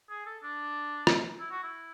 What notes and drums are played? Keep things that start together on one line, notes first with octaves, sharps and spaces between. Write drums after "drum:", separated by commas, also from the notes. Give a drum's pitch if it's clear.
G#4
A4
D4
drum: rim click
E4
F#4
E4